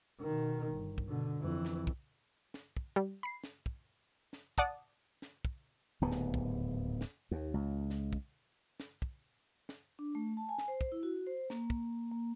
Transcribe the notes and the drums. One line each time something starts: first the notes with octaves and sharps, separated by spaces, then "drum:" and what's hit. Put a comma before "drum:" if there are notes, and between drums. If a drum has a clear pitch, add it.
B2 D#3
G1
drum: kick
B2 D3
F2 E3
drum: snare
drum: kick
drum: snare
drum: kick
G3
B5 C7
drum: snare
drum: kick
drum: snare
D5 F#5 A5 D#6, drum: kick
drum: snare
drum: kick
D1 D#2 G#2 B3
drum: snare
drum: kick
drum: snare
D#2
C#2
drum: snare
drum: kick
drum: snare
drum: kick
drum: snare
D4
A3
A5
G#5
drum: snare
C5
drum: kick
E4
F#4
C5
A#3, drum: snare
drum: kick
A#3